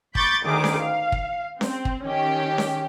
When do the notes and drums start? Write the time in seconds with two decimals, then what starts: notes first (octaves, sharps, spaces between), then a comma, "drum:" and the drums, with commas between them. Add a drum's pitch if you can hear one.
0.15 B5 C#6 D6 G6 A6, drum: kick
0.44 D2 D#3 G#4 D6
0.64 drum: snare C#4
0.81 F5
1.12 drum: kick
1.61 C4, drum: snare C#4
1.85 drum: kick
2.03 D#3 C#4 G4
2.58 drum: snare C#4